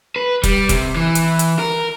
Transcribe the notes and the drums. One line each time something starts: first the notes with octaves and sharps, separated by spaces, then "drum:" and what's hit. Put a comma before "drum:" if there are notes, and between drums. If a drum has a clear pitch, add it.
B4
G3, drum: kick, hi-hat
C3, drum: kick, hi-hat
E3
drum: hi-hat
drum: hi-hat
A#4